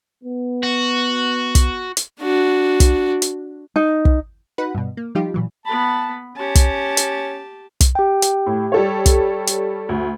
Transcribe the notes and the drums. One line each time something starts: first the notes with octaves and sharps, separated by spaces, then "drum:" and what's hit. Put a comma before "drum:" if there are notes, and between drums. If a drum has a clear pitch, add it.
B3
F#4
drum: kick, hi-hat
drum: hi-hat
D4 F#4
drum: kick, hi-hat
drum: hi-hat
D#4
drum: kick
D#4 F#4 B4 F#5 B5
G2 B2
A#3
F3 G3 D#4 F4 G4
A#2 E3 F#3
B3 A5 B5
C#4 G4 A5
drum: kick, hi-hat
drum: hi-hat
drum: kick, hi-hat
G4 G5
drum: hi-hat
A2
G3 A4 C#5
drum: kick, hi-hat
drum: hi-hat
D2